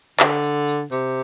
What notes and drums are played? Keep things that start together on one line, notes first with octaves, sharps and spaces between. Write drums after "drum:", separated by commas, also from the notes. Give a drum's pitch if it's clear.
D3, drum: clap
drum: tambourine
drum: tambourine
C3, drum: tambourine